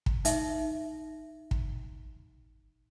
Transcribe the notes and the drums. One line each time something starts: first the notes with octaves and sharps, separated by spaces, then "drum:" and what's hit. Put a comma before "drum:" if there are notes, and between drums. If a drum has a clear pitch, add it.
drum: kick
D#4 E5, drum: hi-hat
drum: kick